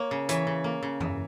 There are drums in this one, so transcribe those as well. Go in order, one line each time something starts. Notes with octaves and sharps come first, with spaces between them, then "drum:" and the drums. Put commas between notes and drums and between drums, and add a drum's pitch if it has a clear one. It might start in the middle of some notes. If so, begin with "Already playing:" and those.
Already playing: A#3 C#5
C#3
E3 C#5, drum: hi-hat
C#3
A#3
C#3
E3, drum: tom F2